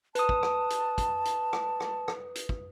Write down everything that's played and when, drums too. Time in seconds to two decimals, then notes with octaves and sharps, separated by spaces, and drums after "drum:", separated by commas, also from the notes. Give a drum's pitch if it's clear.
0.15 B4 A5 D#6, drum: hi-hat
0.29 drum: kick
0.43 drum: rim click
0.70 drum: hi-hat
0.98 drum: kick, hi-hat
1.25 drum: hi-hat
1.53 drum: rim click
1.80 drum: rim click
2.08 drum: rim click
2.35 drum: hi-hat
2.49 drum: kick